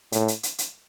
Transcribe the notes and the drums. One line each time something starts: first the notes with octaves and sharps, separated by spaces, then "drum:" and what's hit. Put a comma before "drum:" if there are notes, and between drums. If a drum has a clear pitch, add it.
A2, drum: hi-hat
drum: hi-hat
drum: hi-hat
drum: hi-hat